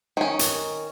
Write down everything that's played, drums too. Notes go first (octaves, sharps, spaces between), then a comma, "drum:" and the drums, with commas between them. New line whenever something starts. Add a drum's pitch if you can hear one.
D#3 C#4
drum: hi-hat